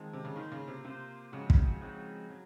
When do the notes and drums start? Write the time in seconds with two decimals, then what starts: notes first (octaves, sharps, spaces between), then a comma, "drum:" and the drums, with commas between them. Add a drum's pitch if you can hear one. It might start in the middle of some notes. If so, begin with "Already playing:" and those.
Already playing: D#3 F3 G#3 C4
0.13 C3
0.25 C#3
0.36 D#3 A#3 F4 C5
0.52 C#3
0.68 C3
0.84 C3 A#3 F4 C5
1.32 C#3 F3 G#3 C4 D#4 F#4
1.50 drum: kick
1.81 F3 G#3 C4 D#4 F#4
2.30 F#3